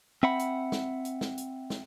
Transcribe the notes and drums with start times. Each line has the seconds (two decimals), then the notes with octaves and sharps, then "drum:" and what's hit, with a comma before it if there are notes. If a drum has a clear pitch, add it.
0.23 C4 E5 F#5 B5
0.39 drum: hi-hat
0.72 drum: snare
1.05 drum: hi-hat
1.21 drum: snare
1.38 drum: hi-hat
1.70 drum: snare